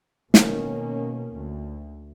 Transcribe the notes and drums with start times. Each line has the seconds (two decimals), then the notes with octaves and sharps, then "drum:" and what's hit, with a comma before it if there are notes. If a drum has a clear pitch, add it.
0.34 B2 D#3 A#3 C#4, drum: snare
1.36 D2